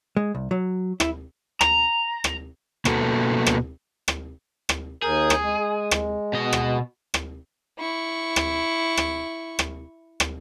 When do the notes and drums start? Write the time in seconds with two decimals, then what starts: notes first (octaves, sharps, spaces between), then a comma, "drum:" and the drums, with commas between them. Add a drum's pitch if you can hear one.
0.17 G#3
0.35 C2
0.51 F#3
1.00 E4, drum: rim click
1.61 A#5, drum: rim click
2.24 drum: rim click
2.85 B2 A#3 B3 F#4 A4, drum: rim click
3.46 drum: rim click
4.08 drum: rim click
4.69 drum: rim click
5.02 D#2 G#4 A#4 G6
5.30 drum: rim click
5.43 G#3
5.91 drum: rim click
6.33 B2 D#5
6.53 drum: rim click
7.14 drum: rim click
7.79 E4 C#6
8.36 drum: rim click
8.97 drum: rim click
9.59 drum: rim click
10.20 drum: rim click